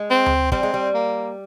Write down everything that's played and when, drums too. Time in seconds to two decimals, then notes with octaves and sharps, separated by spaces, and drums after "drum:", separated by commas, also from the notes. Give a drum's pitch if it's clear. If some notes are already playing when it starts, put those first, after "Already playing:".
Already playing: G#3
0.10 C4
0.26 drum: tom D2
0.52 G3 C4, drum: kick
0.63 G#3
0.74 G3
0.94 A#3